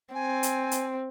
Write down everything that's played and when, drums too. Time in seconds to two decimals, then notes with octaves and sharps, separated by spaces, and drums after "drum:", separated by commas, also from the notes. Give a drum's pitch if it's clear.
0.14 C4 G#5
0.43 drum: hi-hat
0.71 drum: hi-hat